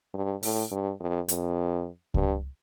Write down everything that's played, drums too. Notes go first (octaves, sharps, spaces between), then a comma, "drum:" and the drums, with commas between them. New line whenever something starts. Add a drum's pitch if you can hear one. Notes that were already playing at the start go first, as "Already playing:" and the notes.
G2
A2, drum: open hi-hat
G2
F2
F2, drum: hi-hat
G2, drum: kick C#2